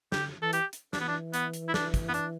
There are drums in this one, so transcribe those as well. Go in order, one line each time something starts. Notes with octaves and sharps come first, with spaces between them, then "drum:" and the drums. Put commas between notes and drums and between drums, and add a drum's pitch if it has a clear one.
D3 G4, drum: snare
E3 A4
G4, drum: hi-hat
drum: hi-hat
E3 D4, drum: snare
B3
D4
B3, drum: hi-hat
drum: hi-hat
E4
D4, drum: snare
drum: kick, hi-hat
B3
D4, drum: hi-hat